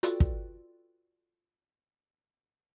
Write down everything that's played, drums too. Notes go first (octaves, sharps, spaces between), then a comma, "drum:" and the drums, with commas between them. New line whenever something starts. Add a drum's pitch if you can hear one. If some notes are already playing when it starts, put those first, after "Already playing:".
F4 F#4 A4 B4 D5 G5, drum: hi-hat
drum: kick